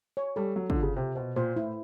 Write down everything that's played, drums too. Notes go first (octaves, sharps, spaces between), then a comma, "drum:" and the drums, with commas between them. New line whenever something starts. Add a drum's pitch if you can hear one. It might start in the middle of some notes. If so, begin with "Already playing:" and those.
C#5
G3 A4
F#3 A4
D3, drum: kick
F4
C#3
C3 C5
B2 C5
A#2 C5
A2 E4